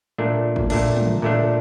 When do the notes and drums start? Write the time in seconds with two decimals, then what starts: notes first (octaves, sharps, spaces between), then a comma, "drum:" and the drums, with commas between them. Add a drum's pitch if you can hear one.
0.18 A#2 A3 D4
0.56 drum: kick
0.70 A#2 A3 D4, drum: cymbal
0.96 drum: tom
1.22 A#2 A3 D4